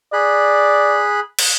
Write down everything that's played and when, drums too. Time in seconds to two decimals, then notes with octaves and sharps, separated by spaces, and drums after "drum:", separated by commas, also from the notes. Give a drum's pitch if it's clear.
0.13 G#4 D5 B5 F#6
1.39 drum: cymbal